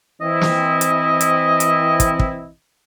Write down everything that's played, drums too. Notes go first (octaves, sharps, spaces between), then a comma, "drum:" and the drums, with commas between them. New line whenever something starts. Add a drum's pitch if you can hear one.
E3 C4 E4 D#5
drum: snare
drum: hi-hat
drum: hi-hat
drum: hi-hat
drum: kick, hi-hat
drum: kick